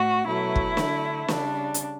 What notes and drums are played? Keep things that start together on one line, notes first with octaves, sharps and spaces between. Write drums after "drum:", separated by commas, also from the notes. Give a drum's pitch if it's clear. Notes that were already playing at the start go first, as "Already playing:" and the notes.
Already playing: A2 F#4
B2 F#3 A3 E4
drum: kick
D3 A3, drum: snare
C#3 G3 D4, drum: snare
drum: hi-hat